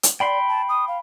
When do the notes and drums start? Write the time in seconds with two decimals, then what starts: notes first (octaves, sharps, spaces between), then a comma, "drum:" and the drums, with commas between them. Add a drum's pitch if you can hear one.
0.03 drum: hi-hat
0.20 D5 G5 B5 C6
0.48 A5
0.69 D#6
0.88 F5